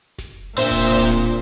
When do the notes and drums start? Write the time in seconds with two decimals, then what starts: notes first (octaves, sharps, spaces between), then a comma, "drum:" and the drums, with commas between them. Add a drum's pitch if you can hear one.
0.19 drum: snare F#1
0.58 A#2 C4 D4 F4 C5 E5
0.71 drum: kick D#1
0.97 drum: kick D#1
1.10 drum: snare F#1